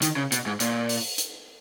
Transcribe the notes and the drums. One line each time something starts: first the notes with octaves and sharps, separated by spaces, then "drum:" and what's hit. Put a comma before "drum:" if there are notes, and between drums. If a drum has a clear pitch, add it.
D#3, drum: hi-hat
C#3
B2, drum: hi-hat
G#2
A#2, drum: hi-hat
drum: open hi-hat
drum: hi-hat